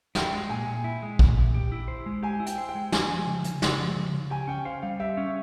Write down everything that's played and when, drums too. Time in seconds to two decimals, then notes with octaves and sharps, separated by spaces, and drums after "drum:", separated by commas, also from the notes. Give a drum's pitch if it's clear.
0.15 E4 G5, drum: snare
0.33 G#3
0.49 A#2 G#5
0.67 A#2
0.84 E4
1.02 G#3
1.19 A#2, drum: kick A#1
1.37 A#2
1.54 G4
1.72 E4
1.88 C5
2.06 G#3
2.23 G4 G#5
2.40 E4
2.46 G5, drum: hi-hat
2.58 C5
2.69 G5
2.75 G#3
2.92 G#3 G#5, drum: snare
3.10 F3
3.27 C#3
3.44 C#3, drum: hi-hat
3.62 G#3, drum: snare
3.78 F3
3.96 C#3
4.13 C#3
4.30 G4 G#5
4.47 C#4 G5
4.65 C5 F5
4.82 G3 F5
5.00 G4 E5
5.17 C#4